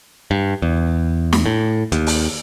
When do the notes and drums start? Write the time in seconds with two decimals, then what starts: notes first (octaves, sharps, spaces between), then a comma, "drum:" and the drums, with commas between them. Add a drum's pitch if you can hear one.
0.31 G2
0.62 E2
1.33 drum: snare
1.46 A2
1.92 D#2, drum: hi-hat
2.07 drum: open hi-hat